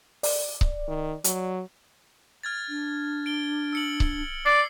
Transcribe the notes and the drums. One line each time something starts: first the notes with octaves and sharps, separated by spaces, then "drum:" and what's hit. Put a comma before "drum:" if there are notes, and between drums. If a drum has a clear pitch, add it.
D5, drum: open hi-hat
drum: kick C#1
D#3
F#3, drum: hi-hat
F6 G#6 A6
D4
D7 G7
E6 C#7 F#7
drum: kick C#1
D5 C7